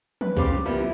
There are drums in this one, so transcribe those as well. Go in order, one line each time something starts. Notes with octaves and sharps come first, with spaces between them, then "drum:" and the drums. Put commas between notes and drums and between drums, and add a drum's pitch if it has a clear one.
B4, drum: tom E3
C#3 G3 G4 C5 F5 D6, drum: kick C2
C#3
F3 G3 A#3 B3 E4
E4